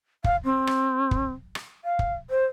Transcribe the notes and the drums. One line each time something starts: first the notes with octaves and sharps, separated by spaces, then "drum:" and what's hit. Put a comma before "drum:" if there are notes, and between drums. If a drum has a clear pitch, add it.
F5, drum: kick
C4
drum: rim click
drum: kick
drum: rim click
F5
drum: kick
C5